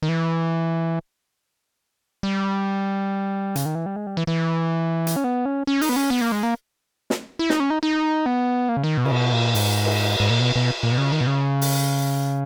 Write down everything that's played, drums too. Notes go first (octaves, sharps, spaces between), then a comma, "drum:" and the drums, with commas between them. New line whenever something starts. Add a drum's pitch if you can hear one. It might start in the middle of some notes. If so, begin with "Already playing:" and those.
D#3
E3
G3
C#3, drum: hi-hat
D#3
E3
G3
G#3
G3
E3
E3
drum: hi-hat
C#4
B3
C#4
C#4
D#4, drum: open hi-hat
B3
C#4
B3
A#3
G#3
A#3
drum: snare
E4
D#4, drum: snare
C#4
D#4
D#4
B3
A#3
C#3
D#3
B2
C#3, drum: cymbal
B2
A#2
G#2, drum: open hi-hat
drum: cymbal
G#2
A#2
B2
B2
A#2
B2
C#3
D#3
B2
C#3
drum: open hi-hat